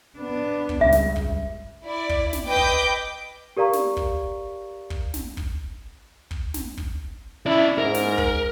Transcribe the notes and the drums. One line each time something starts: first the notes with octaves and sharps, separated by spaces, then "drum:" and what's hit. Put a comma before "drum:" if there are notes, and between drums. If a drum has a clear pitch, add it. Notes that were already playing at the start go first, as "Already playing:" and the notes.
B3 D4
drum: kick
C#2 G2 E5
drum: snare
drum: kick
E4 D5
drum: kick
drum: snare
B4 D#5 G5 D6 G6
drum: kick
G4 A#4 D5 F5 A#5 C#6
drum: snare
drum: kick
drum: kick
drum: snare
drum: kick
drum: kick
drum: snare
drum: kick
C#4 E4 D5
G#2 A#4
drum: snare
drum: kick